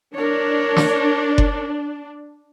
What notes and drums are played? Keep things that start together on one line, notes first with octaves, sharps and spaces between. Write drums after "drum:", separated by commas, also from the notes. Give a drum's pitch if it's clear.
D4 A#4 C#5
drum: snare
drum: kick F#1